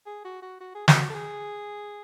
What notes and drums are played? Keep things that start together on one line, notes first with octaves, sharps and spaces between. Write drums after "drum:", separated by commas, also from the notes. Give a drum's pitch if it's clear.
G#4
F#4
F#4
F#4
G#4
F#4, drum: snare
A4
G#4